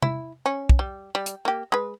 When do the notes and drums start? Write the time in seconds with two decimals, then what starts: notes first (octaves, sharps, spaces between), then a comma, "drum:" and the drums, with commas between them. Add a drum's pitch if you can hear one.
0.02 E4, drum: tom C3
0.46 C#4
0.69 drum: kick
0.79 G3
1.15 G3
1.26 drum: hi-hat
1.45 A#3 G4
1.72 G#3 B4